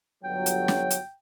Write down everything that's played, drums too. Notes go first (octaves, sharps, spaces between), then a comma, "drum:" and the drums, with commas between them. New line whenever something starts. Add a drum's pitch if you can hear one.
G1 F#3 G5
drum: hi-hat
drum: snare
drum: hi-hat